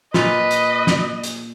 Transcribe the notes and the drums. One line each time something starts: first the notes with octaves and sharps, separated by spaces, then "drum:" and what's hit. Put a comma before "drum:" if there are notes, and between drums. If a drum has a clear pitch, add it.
A#2 F4 B4 D#5, drum: snare
drum: hi-hat
drum: snare
drum: hi-hat